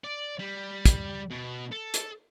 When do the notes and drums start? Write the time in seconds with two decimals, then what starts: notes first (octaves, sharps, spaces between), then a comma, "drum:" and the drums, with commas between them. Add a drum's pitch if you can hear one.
0.04 D5
0.39 G3
0.86 drum: kick, hi-hat
1.31 B2
1.72 A4
1.94 drum: hi-hat